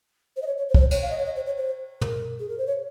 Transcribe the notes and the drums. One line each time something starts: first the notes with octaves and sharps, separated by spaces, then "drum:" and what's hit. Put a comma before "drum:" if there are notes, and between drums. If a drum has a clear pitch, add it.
C5
D#5
C#5
C#5
C5
C#5, drum: kick
C5
C#5, drum: cymbal
F5
D#5
C#5
D#5
C5
C#5
C5
A#4, drum: tom
G#4
A#4
C5
C#5